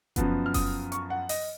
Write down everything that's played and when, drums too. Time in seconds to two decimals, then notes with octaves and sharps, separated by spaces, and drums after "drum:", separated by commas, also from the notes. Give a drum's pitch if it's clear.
0.16 F#2 F3 B3, drum: kick F1, hi-hat
0.46 F6
0.54 D#6, drum: kick F1, open hi-hat
0.92 C#6, drum: hi-hat
1.10 F#5
1.29 D#5, drum: open hi-hat